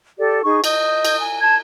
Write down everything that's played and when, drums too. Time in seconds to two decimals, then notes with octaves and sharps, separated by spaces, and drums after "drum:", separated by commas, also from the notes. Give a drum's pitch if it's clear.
0.18 G4 A4 D5
0.44 D#4 G#4 C#6
0.64 D#5 D#6 G6, drum: cymbal
1.05 drum: cymbal
1.20 G#5
1.42 A5 G#6